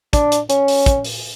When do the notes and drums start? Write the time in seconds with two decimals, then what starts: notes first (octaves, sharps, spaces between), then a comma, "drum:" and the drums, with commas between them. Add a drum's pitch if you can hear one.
0.13 D4, drum: kick, hi-hat
0.32 drum: hi-hat
0.50 C#4, drum: hi-hat
0.68 drum: open hi-hat
0.86 drum: kick, hi-hat
1.04 drum: open hi-hat